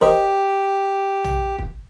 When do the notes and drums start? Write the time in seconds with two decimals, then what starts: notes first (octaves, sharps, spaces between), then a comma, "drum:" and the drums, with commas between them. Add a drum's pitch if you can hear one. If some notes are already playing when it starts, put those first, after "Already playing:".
0.01 G4 A#4 C5 D#5, drum: snare
1.24 drum: tom
1.59 drum: kick